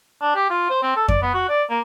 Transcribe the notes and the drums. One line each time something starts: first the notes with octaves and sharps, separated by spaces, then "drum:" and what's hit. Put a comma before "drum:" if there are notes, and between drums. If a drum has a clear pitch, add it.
D4
G4
F4
C5
C4
A4
D5, drum: kick F2
B3
F#4
D5
A#3